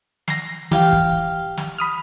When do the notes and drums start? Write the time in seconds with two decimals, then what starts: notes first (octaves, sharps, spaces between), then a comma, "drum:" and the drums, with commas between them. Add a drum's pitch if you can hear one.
0.28 A#6 C7, drum: snare
0.72 E3 G4 F5 G5, drum: snare
0.93 drum: kick
1.57 drum: snare
1.78 B5 D#6 F6